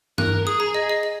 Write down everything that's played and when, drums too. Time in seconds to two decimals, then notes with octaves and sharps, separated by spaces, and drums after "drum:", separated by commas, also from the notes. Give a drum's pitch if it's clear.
0.18 A#4 F#6, drum: tom G2
0.46 G#4 D#6
0.60 A#5
0.75 D#5
0.89 D#5
1.03 D#5